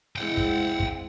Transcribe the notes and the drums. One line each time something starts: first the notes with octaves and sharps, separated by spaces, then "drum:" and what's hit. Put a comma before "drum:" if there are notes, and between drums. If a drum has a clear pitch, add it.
G#3 C4 E4 F#5 G5
drum: kick
drum: kick